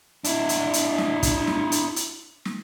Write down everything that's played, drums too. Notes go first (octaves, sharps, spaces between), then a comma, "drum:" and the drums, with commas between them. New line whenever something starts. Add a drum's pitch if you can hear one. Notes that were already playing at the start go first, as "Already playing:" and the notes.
D4 E4, drum: hi-hat
drum: hi-hat
drum: hi-hat
drum: snare
drum: kick, hi-hat
drum: snare
drum: hi-hat
drum: hi-hat
drum: snare